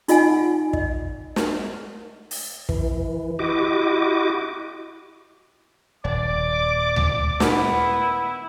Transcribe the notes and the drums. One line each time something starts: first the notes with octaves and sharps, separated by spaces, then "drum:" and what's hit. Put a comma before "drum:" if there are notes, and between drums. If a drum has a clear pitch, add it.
D#4 F4 D#5 F#5 G#5, drum: hi-hat
D#5, drum: kick
drum: snare
drum: open hi-hat
E3, drum: kick
E4 F#4 G4 D#5 D6
D#1 D5 D6
drum: tom D2
B3 E4, drum: snare